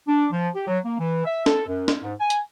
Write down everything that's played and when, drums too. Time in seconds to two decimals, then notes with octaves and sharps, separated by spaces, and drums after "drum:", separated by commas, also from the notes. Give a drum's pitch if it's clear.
0.07 D4
0.32 F3
0.55 G4
0.67 F#3
0.85 A#3
0.99 E3
1.25 E5
1.46 A4, drum: snare
1.67 F#2
1.88 drum: snare
2.02 G#2
2.20 G#5
2.30 drum: hi-hat